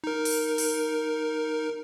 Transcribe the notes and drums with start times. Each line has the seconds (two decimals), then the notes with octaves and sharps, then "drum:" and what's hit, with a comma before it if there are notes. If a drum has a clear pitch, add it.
0.04 D#4 A#4
0.25 drum: open hi-hat
0.58 drum: open hi-hat